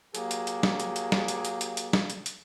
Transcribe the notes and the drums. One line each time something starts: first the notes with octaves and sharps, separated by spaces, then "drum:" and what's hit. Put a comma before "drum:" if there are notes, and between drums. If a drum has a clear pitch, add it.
F#3 A#3 G4 G#4, drum: hi-hat
drum: hi-hat
drum: hi-hat
drum: snare
drum: hi-hat
drum: hi-hat
drum: snare
drum: hi-hat
drum: hi-hat
drum: hi-hat
drum: hi-hat
drum: snare
drum: hi-hat
drum: hi-hat